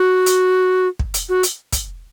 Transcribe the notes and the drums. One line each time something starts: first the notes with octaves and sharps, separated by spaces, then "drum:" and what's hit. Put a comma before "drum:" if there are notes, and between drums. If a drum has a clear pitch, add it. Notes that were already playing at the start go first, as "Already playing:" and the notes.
Already playing: F#4
drum: hi-hat
drum: kick
drum: hi-hat
F#4
drum: hi-hat
drum: kick, hi-hat